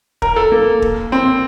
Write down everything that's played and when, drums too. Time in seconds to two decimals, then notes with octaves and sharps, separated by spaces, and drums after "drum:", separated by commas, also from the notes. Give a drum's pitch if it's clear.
0.22 A#4, drum: kick
0.36 A4
0.52 A#3
0.82 drum: kick
1.12 C4